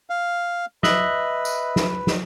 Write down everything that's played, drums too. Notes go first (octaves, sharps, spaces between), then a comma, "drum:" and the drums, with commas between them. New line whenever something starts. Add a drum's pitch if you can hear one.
F5
B4 D#5 E5 F#6, drum: snare
drum: tambourine
drum: snare
drum: snare